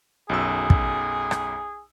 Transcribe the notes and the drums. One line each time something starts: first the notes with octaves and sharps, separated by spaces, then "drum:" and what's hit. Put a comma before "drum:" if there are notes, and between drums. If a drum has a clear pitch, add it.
B1 F#2 G#4 E6
drum: kick
drum: rim click